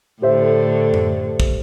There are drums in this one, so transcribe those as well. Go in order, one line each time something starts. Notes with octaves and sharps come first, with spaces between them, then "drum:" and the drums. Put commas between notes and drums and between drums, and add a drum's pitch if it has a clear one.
A2 D3 G4 C5 E5
drum: tom F#2
drum: kick